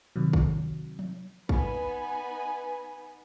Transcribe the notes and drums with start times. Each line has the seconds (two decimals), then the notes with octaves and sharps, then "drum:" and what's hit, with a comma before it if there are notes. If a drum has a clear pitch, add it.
0.16 C3 D#3 F#3
0.33 drum: kick
0.99 drum: tom F3
1.49 B3 D#4 B4 G#5 B5, drum: kick